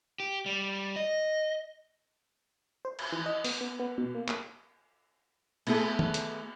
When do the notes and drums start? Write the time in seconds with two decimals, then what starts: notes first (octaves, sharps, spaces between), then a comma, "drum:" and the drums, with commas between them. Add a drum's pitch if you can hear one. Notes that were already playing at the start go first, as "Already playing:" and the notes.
0.20 G4
0.46 G3
0.96 D#5
2.85 C5
2.99 drum: cymbal
3.12 E3
3.26 D#5
3.44 B3, drum: open hi-hat
3.61 B3
3.79 B3
3.98 B2
4.15 A#3
4.28 drum: clap
5.67 A3 B3 E4 G#4 A4, drum: cymbal
5.99 drum: tom
6.14 drum: hi-hat